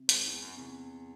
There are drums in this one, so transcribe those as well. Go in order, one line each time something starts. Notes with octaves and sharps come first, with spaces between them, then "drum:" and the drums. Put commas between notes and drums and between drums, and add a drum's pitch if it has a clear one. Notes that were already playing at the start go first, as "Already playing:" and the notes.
Already playing: C3
G#2, drum: hi-hat
E2
F#2
E2 C3